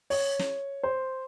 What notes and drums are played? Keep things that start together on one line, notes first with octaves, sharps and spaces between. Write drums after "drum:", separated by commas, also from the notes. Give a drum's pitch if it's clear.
C#5, drum: open hi-hat
drum: snare
C5